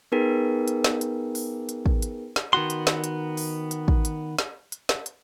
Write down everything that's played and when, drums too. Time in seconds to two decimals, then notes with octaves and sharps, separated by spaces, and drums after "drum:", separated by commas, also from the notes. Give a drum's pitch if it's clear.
0.12 B3 D#4 G#4 A#4 B4 G5
0.68 drum: hi-hat
0.84 drum: snare
1.01 drum: hi-hat
1.35 drum: open hi-hat
1.69 drum: hi-hat
1.86 drum: kick
2.02 drum: hi-hat
2.36 drum: snare
2.53 D#3 B3 F#4 C6
2.70 drum: hi-hat
2.87 drum: snare
3.04 drum: hi-hat
3.37 drum: open hi-hat
3.71 drum: hi-hat
3.88 drum: kick
4.05 drum: hi-hat
4.39 drum: snare
4.72 drum: hi-hat
4.89 drum: snare
5.06 drum: hi-hat